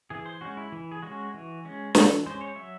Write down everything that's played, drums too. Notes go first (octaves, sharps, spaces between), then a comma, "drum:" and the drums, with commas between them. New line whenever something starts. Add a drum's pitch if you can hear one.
E3 G#4
C5
G#3 C#4 F#4
E4
E3
G#4
G#3 C#4 F#4
E3
G#3 C#4
E3 A4, drum: snare
G#3 C#4 C5
C#5
F#3 E5